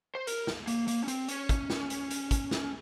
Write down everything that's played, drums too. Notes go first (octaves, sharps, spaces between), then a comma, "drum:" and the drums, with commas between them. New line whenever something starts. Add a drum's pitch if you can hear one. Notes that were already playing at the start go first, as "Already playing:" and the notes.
C5
A#4, drum: hi-hat
drum: snare
A#3, drum: hi-hat
A#3, drum: hi-hat
C#4
C4, drum: hi-hat
C#4, drum: hi-hat
drum: kick, hi-hat
drum: snare
drum: hi-hat
drum: hi-hat
drum: kick, hi-hat
drum: snare